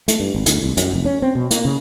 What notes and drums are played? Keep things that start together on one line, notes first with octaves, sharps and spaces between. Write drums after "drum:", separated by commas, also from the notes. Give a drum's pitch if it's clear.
A3, drum: hi-hat
G2
G#1
D2, drum: hi-hat
C2
F#2, drum: hi-hat
F1
C#4
C4
B2
A#3, drum: hi-hat
C#3